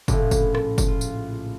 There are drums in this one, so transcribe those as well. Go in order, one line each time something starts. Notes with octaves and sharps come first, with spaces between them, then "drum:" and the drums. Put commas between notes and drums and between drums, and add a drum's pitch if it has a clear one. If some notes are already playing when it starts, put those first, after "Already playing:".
A#1 A2 C#3, drum: kick, tambourine
drum: kick, tambourine
drum: rim click
drum: kick, tambourine
F4
drum: tambourine